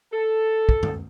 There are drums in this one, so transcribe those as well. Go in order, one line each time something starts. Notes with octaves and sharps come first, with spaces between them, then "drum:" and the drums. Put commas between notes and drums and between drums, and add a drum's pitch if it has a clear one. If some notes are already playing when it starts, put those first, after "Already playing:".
A4
drum: kick
drum: tom F#2